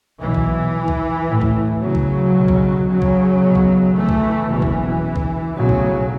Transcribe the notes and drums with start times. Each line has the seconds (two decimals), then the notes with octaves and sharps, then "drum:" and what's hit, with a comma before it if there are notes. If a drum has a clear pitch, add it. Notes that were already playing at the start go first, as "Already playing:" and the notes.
0.21 B1 B2 E3
0.35 drum: kick
0.88 drum: kick
1.29 A1 A2
1.41 drum: kick
1.81 C#3 F#3
1.95 drum: kick
2.35 B1 B2
2.48 drum: kick
2.88 C#3 F#3
3.02 drum: kick
3.42 B1 B2
3.55 drum: kick
3.95 E3 A3
4.09 drum: kick
4.49 F#1 E2 B2 E3
4.62 drum: kick
5.16 drum: kick
5.55 B1 A2 C#3 F#3
5.69 drum: kick